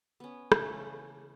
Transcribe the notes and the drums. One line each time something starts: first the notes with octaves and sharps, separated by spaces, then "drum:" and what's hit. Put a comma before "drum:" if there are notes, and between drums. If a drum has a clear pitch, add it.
B3 C#4
C#3 E3 A3, drum: rim click